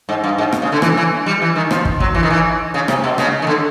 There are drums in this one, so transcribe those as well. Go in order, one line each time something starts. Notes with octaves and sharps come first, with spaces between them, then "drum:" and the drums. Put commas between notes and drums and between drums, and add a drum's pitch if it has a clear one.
G#2
G2
G#2
drum: rim click
C#3
D3
E3, drum: rim click
E3
G3
E3
D#3
F3, drum: rim click
drum: kick
F#3, drum: kick
E3
D#3
E3
C#3
C3, drum: rim click
B2
C#3, drum: rim click
D#3
D3